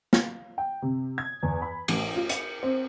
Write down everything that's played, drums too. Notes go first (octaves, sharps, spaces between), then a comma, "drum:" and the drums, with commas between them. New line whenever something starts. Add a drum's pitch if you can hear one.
drum: snare
G5
C3
G#6
E2
B5
A1, drum: cymbal
F4
C#7, drum: hi-hat
C4